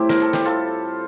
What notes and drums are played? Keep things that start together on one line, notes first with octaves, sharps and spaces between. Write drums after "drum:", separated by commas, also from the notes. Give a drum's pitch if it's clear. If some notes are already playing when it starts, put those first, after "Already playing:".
Already playing: A2 G3 C4 E4 G4
A#4, drum: snare
A4
G4, drum: snare
F4 A4